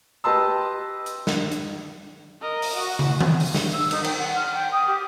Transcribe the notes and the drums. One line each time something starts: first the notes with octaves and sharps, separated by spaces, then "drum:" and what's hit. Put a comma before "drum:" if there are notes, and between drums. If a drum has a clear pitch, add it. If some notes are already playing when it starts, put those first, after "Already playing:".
G4 B4 D#5 A5 C6 E6
drum: hi-hat
drum: snare
drum: hi-hat
A#4 D#5
drum: open hi-hat
F#4
drum: tom
drum: tom D#3
drum: open hi-hat
drum: snare
E6
D#4, drum: cymbal
G5, drum: cymbal
F#5
F6
G5
D#6
G4